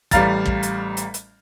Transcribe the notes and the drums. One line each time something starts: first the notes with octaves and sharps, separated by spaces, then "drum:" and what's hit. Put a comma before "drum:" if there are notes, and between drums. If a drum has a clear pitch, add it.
A1 G3 F5 A#5 A6, drum: kick, hi-hat
drum: kick
drum: hi-hat
drum: hi-hat
drum: hi-hat